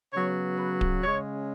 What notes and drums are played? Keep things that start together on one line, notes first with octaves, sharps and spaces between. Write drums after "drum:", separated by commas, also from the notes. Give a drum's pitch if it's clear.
C#3 F#3 B3 C#5
B4
drum: kick D1
C#3 G#3 C#4 C#5